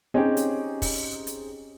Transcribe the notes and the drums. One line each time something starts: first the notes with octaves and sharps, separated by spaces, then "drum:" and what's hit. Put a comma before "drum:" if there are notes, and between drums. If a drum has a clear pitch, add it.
C4 C#4 D#4 G4 G#4
drum: hi-hat
drum: kick, open hi-hat
drum: hi-hat